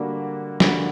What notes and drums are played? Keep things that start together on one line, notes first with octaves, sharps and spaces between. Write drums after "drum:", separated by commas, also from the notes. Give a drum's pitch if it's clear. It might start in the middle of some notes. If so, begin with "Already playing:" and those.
Already playing: D3 G3 A#3 D4 F#4
D3 G3 A#3 D4 F#4, drum: snare